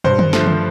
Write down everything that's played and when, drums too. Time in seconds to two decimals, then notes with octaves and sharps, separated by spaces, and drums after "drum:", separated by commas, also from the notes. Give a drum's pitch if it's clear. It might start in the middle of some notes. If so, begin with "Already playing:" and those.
0.04 G2 C5, drum: tom
0.19 drum: tom D3
0.33 D3 F3 A3, drum: snare
0.46 drum: tom D3